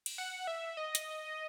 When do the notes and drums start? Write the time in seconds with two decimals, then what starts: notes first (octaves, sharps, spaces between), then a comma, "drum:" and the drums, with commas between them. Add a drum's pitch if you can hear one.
0.06 drum: cymbal
0.18 F#5
0.47 E5
0.77 D#5
0.95 drum: hi-hat